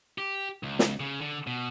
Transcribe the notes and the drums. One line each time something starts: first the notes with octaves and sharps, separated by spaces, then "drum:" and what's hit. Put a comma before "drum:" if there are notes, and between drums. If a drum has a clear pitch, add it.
G4
C#2
drum: snare
C#3
D3
B2